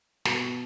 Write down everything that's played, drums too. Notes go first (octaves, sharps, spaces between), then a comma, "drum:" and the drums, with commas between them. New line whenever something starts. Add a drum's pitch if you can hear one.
B2, drum: snare